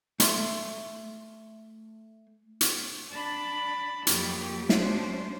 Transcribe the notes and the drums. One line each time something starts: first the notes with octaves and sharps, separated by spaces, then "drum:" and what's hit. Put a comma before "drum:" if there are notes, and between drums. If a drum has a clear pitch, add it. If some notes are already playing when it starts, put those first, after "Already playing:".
A3 C6, drum: hi-hat
drum: hi-hat
D4 A5 B5
F2 F#3 A#3 G4, drum: hi-hat
F#3 C#4 D4 C5, drum: snare